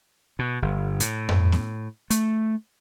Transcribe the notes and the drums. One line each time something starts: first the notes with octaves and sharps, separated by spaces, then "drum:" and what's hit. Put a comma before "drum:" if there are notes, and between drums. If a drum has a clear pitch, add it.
B2
G1
A2, drum: hi-hat
drum: tom F2
drum: snare B3
A3, drum: hi-hat